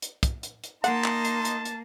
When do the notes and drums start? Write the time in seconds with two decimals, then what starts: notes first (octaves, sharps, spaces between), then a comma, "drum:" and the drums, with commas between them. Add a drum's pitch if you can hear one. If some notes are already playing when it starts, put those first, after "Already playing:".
0.02 drum: hi-hat
0.23 drum: kick, hi-hat
0.43 drum: hi-hat
0.64 drum: hi-hat
0.84 A#3 D#4 D#5 F#5 A5 C6, drum: hi-hat
1.04 drum: clap
1.25 drum: hi-hat
1.45 drum: hi-hat
1.65 drum: hi-hat